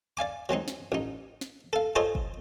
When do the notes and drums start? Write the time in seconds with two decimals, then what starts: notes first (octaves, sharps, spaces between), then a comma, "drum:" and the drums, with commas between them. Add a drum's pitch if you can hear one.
0.17 D5 F5 G#5 D6
0.49 F#3 G#3 C4 D#4
0.68 drum: snare
0.92 A1 D#4
1.41 drum: snare
1.73 A4 F5
1.96 F4 G#4 A4 C5 C#5 D#5
2.15 drum: kick